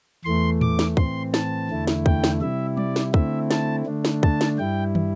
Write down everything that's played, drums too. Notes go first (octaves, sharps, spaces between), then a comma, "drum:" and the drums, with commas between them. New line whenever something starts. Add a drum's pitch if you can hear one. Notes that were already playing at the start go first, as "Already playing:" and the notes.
E2 E3 A3 C6
D6, drum: tom A2
drum: snare
A2 E3 C4 C6, drum: kick
A5, drum: snare
E2 D3 A3 E4
drum: snare
G5, drum: kick
drum: snare
C3 G3 E4 E5
D5, drum: tom
drum: snare
D3 A3 C4 E4 E5, drum: kick
A5, drum: snare
D3 A3 D4
drum: snare
A5, drum: kick
drum: snare
G2 G3 E4 G5
drum: tom